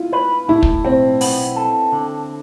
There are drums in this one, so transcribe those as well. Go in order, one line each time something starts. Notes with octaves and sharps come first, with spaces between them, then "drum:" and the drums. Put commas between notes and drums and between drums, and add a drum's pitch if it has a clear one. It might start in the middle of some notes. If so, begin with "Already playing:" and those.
Already playing: E4 F4
B4
A2 E4
drum: kick
B1 C4
B3, drum: open hi-hat
A4
D3